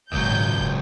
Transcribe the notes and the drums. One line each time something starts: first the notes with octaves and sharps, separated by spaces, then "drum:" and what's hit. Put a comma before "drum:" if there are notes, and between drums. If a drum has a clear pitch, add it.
G#1 C#2 A#2 F#3 G6, drum: kick F1
drum: kick F1